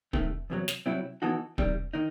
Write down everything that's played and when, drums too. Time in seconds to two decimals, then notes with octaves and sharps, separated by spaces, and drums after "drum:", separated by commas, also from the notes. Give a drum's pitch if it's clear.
0.13 C3 D#3 A3, drum: kick
0.50 E2 C3 D#3 F#3
0.68 drum: snare
0.86 C2 C3 F#3 C4 E4
1.22 E3 B3 D#4 F#4 A4
1.58 C3 D#3 G3, drum: kick
1.93 D#3 D#4